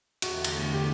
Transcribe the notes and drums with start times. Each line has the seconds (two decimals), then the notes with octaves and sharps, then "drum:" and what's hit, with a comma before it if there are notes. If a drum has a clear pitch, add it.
0.22 E2 D3 A3 F#4, drum: cymbal
0.45 drum: cymbal
0.73 G4